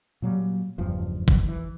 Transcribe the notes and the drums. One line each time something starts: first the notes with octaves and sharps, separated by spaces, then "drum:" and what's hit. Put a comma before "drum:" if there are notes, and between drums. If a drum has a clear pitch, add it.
A#2 F#3 G3
F#1 E2 G2 F3
drum: kick
E3